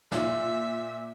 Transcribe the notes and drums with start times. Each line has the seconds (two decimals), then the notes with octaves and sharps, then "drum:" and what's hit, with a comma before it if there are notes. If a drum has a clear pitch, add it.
0.12 A#2 F4 E5, drum: snare